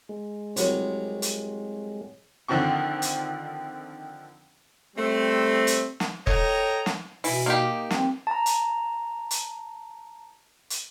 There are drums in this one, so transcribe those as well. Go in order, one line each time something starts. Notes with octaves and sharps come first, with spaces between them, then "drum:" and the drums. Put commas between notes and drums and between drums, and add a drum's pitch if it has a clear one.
G#3
C2 F#3, drum: hi-hat
drum: hi-hat
D3 D#3 F3 C4 C#6
drum: hi-hat
G3 A3 C4
drum: hi-hat
drum: snare
A4 C#5 D#5 G5 A#5, drum: kick E1
drum: snare
B2 E3, drum: open hi-hat
A#3 D#4 G4
C4, drum: snare
A5 A#5
drum: hi-hat
drum: hi-hat
drum: hi-hat